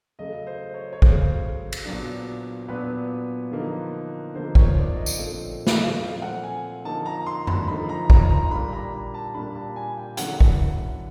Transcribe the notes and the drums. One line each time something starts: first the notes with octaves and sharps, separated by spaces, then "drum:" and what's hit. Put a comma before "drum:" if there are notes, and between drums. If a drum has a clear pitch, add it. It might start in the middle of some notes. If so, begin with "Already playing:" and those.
C#3 F#3 A3 D#5
C5
C#5
C#5
C#3 F#3 A3 C5, drum: kick
drum: cymbal
A#2 F#3 B3 D4
A#2 F#3 B3 D4 B4
D3 F3 A#3 D#4
D3 F3 A#3 D#4 C5
C#5, drum: kick
D5
D#5
drum: tambourine
A#2 F3 A3 C4
drum: snare
A#2 F3 A3 C4 F5
F#5
G#5
D3 F3 A#3 D#4 A5
A#5
C6
B5, drum: tom F#2
D3 F3 A#3 D#4 B5
A#5
A#5, drum: kick
A#5
A#2 G3 A#3 D4 B5
A#5
A5
A#2 G3 A#3 D4 B5
A5
G#5
G5
D3 F#3 A#3 C#4 E4 F#5, drum: hi-hat
drum: kick